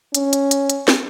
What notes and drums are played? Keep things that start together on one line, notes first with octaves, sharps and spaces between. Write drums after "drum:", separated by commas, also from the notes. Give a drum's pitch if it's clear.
C#4, drum: hi-hat
drum: hi-hat
drum: hi-hat
drum: hi-hat
drum: snare